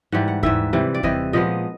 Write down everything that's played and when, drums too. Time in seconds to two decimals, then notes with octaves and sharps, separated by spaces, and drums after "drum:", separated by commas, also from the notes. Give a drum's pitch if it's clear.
0.12 G#2 E3 G3 F#5
0.28 F#5
0.43 G#2 E3 G3 E5, drum: kick D#2
0.73 C3 E3 G3
0.94 D5
1.03 C3 E3 G3 D#5, drum: kick D#2
1.33 A#2 F3 G#3 B3 D#5